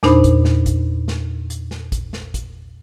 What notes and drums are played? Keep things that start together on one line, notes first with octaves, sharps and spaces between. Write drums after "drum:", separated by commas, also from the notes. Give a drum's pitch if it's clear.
E2 A#2 D4 D#4 C5 B5, drum: snare
drum: kick, hi-hat
drum: snare
drum: kick, hi-hat
drum: snare
drum: hi-hat
drum: snare
drum: kick, hi-hat
drum: snare
drum: kick, hi-hat